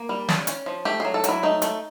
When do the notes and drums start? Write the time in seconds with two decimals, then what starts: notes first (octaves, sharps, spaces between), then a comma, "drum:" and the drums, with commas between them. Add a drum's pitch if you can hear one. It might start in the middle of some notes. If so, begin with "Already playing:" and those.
Already playing: A#3
0.09 G3
0.29 C#4, drum: snare
0.47 C#4, drum: hi-hat
0.66 F3
0.85 A3 G4
1.00 F#3 G#4
1.14 A4
1.24 F#3 E4, drum: hi-hat
1.43 A3 D#4
1.62 A3, drum: hi-hat